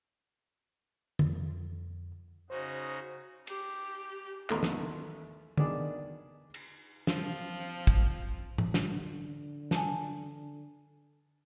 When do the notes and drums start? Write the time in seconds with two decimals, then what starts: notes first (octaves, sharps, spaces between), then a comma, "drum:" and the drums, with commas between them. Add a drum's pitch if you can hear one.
1.19 F2, drum: tom
2.50 C#3 D#4 F#4 C5
3.47 G4, drum: cymbal
4.50 A1 D#2 A3 B3 A#5 C6, drum: clap
4.63 drum: snare
5.57 D#3 B3 D4 G#4 D5, drum: tom
6.54 drum: cymbal
7.07 F3 C4, drum: snare
7.87 drum: kick
8.58 drum: tom A2
8.74 D3, drum: snare
9.71 G#5 A5, drum: snare